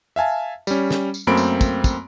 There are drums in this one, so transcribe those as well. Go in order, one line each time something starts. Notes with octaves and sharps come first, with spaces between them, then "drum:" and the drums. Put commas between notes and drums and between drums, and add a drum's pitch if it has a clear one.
E5 F5 G#5 A5
G3 C#4, drum: tambourine
drum: snare
drum: tambourine
F#2 A3 A#3 C4 B5 D7
drum: tambourine
drum: kick, tambourine
drum: kick, tambourine